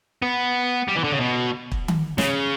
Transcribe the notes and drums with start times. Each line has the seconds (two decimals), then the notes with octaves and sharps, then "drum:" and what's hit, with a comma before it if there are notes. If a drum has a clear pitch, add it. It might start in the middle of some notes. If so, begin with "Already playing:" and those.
0.22 B3
0.88 G3
0.96 E3
1.04 D3
1.12 C#3
1.20 B2
1.72 drum: kick
1.88 drum: tom D#3
2.18 C#3, drum: snare